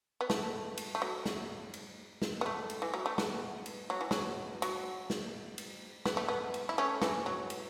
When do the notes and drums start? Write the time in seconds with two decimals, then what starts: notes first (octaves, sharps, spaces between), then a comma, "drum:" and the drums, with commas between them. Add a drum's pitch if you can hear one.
0.21 B3
0.30 A3, drum: snare
0.78 drum: cymbal
0.95 A3
1.02 F#3
1.26 drum: snare
1.74 drum: cymbal
2.22 drum: snare
2.41 B3
2.46 A3
2.70 drum: cymbal
2.82 E3
2.94 F#3
3.06 A3
3.18 B3, drum: snare
3.66 drum: cymbal
3.90 F#3
4.01 E3
4.11 F#3, drum: snare
4.62 F#3, drum: cymbal
5.10 drum: snare
5.58 drum: cymbal
6.05 B3, drum: snare
6.17 A3
6.28 B3
6.54 drum: cymbal
6.69 E4
6.78 A3 C#4
7.02 E3, drum: snare
7.26 F#3
7.50 drum: cymbal